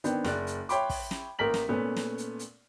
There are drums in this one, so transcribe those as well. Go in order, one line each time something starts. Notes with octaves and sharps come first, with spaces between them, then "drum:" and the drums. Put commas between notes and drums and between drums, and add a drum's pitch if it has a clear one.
D#3 B3 C4 D4, drum: hi-hat
F#1 D5 F#6, drum: snare
drum: hi-hat
C#5 E5 G5 B5 C6 D6, drum: hi-hat
drum: kick, open hi-hat
drum: snare
A1 A#3 A#4 B6 F#7
drum: snare
A#2 A3 B3 C#4
drum: snare
drum: hi-hat
drum: hi-hat